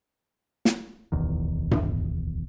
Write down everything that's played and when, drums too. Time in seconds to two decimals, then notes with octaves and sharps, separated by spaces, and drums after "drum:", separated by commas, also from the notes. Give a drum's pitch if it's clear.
0.65 drum: snare
1.12 D1 B1 E2 D#3
1.71 drum: tom G2